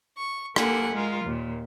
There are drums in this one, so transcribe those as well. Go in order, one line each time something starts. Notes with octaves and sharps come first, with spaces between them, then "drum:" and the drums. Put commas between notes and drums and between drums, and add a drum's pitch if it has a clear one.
C#6
A#3 G4 A4 F#5 G#5, drum: rim click
G#3 F4 A#4
D#2 A#2